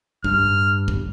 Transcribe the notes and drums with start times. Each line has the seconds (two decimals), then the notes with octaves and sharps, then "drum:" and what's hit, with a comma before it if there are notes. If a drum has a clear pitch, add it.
0.24 G2 F6, drum: kick
0.88 drum: kick